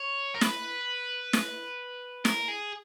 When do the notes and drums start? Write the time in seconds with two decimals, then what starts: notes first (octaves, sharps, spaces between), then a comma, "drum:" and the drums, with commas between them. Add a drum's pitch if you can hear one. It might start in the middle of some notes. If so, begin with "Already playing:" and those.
Already playing: C#5
0.35 A#4
0.41 B4, drum: snare
1.33 drum: snare
2.25 A#4, drum: snare
2.48 G#4